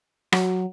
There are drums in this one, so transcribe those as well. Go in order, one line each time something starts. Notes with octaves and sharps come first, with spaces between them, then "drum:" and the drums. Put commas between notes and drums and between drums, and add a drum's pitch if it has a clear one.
F#3, drum: rim click